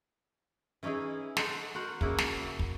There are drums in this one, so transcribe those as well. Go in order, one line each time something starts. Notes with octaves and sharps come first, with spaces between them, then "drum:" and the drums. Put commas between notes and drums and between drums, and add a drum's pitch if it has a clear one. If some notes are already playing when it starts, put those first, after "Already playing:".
E3 C#4 D#4 E4 G#4
A4 C5 D#5 F#5, drum: snare
F#4 A#4 C5 F#5
C#3 A#3 E4 F#4, drum: kick
drum: snare
drum: kick